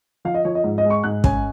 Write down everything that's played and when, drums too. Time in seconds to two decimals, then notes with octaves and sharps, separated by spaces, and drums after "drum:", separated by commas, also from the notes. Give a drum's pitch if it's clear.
0.25 F3 F5
0.34 D#5
0.45 F3 C#5
0.55 D#5
0.64 G#2
0.78 D#5
0.85 G#3
0.90 C#6
1.04 G#2 F#6
1.24 C#4 G#5, drum: kick